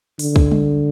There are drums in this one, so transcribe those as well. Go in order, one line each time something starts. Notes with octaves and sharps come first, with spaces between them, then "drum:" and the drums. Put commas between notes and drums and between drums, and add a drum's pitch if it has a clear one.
D3, drum: open hi-hat
drum: kick
drum: tom G3